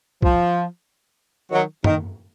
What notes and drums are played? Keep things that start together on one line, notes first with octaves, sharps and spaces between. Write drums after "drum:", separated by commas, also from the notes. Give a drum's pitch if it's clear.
F3, drum: kick
D#3 F#3
D#3, drum: tom F#2